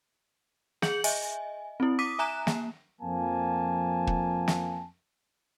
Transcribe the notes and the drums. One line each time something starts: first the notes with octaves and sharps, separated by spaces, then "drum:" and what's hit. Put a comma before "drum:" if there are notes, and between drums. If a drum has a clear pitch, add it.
G#4 G6 C#7 F#7, drum: snare
D#5 E5 G#5, drum: open hi-hat
C4 E4
D6 D#6 B6 D#7
E5 G#5 A#5 F#6 E7
A#3, drum: snare
F2 F3 A#3 G#5 A5
drum: kick
drum: snare